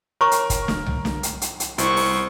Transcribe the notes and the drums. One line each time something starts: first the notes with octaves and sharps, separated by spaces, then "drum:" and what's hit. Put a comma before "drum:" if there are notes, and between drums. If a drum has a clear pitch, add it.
A#4 C#5 A#5 C#6
drum: hi-hat
drum: kick, hi-hat
drum: snare
drum: tom C2
drum: snare
drum: hi-hat
drum: hi-hat
drum: hi-hat
C2 E4 C5 C#6, drum: hi-hat
drum: open hi-hat